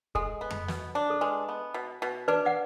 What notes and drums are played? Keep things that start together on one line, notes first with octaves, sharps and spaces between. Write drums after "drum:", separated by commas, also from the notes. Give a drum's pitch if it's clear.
G#3 A4, drum: kick
B3
drum: tom F2
B2, drum: snare
D4
A4
G#3 B4
B3
B2
B2
D4 B4 D5
D5 F#5